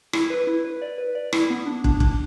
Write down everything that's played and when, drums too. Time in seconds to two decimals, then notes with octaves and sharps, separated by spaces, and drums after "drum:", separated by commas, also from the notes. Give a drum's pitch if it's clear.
0.13 E4, drum: rim click
0.30 B4
0.47 E4
0.65 B4
0.82 D5
0.98 B4
1.15 D5
1.33 E4, drum: rim click
1.50 B3
1.66 D4
1.84 D4, drum: kick
2.00 D4, drum: kick